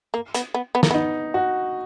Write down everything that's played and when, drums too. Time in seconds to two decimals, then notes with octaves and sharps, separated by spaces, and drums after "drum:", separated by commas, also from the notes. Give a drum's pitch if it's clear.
0.14 A#3
0.34 B3, drum: hi-hat
0.54 B3
0.75 B3
0.83 A#3, drum: snare
0.91 B3 D#4
1.34 F#4